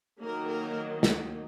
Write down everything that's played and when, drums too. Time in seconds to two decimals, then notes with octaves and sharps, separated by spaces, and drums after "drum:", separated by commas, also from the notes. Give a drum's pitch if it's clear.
0.20 D#3 F#3 A#3 A#4
0.49 A#4
1.03 drum: snare